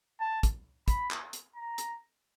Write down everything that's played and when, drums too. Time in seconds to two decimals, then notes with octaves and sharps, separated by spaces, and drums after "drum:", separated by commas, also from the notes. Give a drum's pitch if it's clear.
0.20 A5
0.43 drum: kick, hi-hat
0.88 B5, drum: kick, hi-hat
1.11 drum: clap
1.33 drum: hi-hat
1.56 A#5
1.78 drum: hi-hat